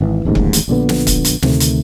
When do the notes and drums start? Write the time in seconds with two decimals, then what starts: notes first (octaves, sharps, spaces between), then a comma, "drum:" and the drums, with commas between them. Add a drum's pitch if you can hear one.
0.01 G#1 E3
0.25 D1 A1 D#2 G#2
0.35 drum: kick C#1
0.53 drum: hi-hat
0.68 A#1 A#2 D3 B3
0.89 drum: snare
1.07 drum: kick C#1, hi-hat
1.25 drum: hi-hat
1.42 D2 C3 D#3 A3, drum: snare
1.60 drum: hi-hat